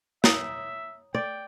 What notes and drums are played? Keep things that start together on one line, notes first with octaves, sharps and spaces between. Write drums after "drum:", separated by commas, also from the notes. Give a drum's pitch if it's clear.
C#5 E5 A#5 D#6, drum: snare
D5 G5